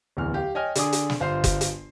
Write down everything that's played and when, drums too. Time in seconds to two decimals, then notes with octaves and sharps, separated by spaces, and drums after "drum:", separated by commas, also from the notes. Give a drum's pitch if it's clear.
0.17 D1 E2 F6
0.34 G4 F5
0.55 C#5 D#5 G5 G#5 F6
0.75 D3 D4 G#4 D6 D#6, drum: hi-hat
0.92 drum: hi-hat
1.10 drum: snare
1.20 G1 F4 C5 C7
1.44 drum: kick F#1, hi-hat
1.61 drum: hi-hat